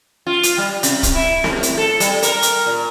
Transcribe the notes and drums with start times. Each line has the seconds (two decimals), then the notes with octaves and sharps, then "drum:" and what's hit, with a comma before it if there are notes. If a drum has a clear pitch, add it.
0.26 F4
0.43 drum: hi-hat
0.58 G3
0.83 C3, drum: hi-hat
1.03 drum: kick, hi-hat
1.14 E4
1.44 A2, drum: snare C4
1.63 drum: hi-hat
1.77 A4
2.00 G3, drum: hi-hat
2.22 A#4, drum: hi-hat
2.42 drum: hi-hat
2.66 A#2